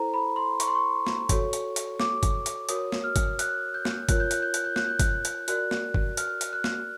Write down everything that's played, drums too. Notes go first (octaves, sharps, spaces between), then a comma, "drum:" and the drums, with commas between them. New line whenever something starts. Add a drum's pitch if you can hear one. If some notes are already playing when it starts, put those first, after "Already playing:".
Already playing: E4 A4 C5 A#5
B5
C6
C#6, drum: hi-hat
C6
C#6
drum: snare A#3
F#4 A4 C#5, drum: kick G1, hi-hat
drum: hi-hat
drum: hi-hat
D6, drum: snare A#3
drum: kick G1, hi-hat
drum: hi-hat
F#4 A#4 C#5 D#6, drum: hi-hat
drum: snare A#3
F6
drum: kick G1, hi-hat
F#6, drum: hi-hat
G6
drum: snare A#3
F4 A#4 C#5 F#6, drum: kick G1, hi-hat
G6
F#6, drum: hi-hat
G6
F#6, drum: hi-hat
G6
F#6, drum: snare A#3
G6
F#6, drum: kick G1, hi-hat
drum: hi-hat
F#4 A#4 D5 F#6, drum: hi-hat
drum: snare A#3
drum: kick G1
F6, drum: hi-hat
drum: hi-hat
F#6
drum: snare A#3